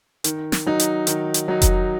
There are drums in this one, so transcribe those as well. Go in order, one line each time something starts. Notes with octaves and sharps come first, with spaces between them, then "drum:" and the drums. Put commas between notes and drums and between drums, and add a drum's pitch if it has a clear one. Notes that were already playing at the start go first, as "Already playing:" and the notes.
D#3, drum: hi-hat
drum: snare
F#3 D#4
drum: hi-hat
D#3, drum: hi-hat
drum: hi-hat
F#3 D#4
drum: kick F1, hi-hat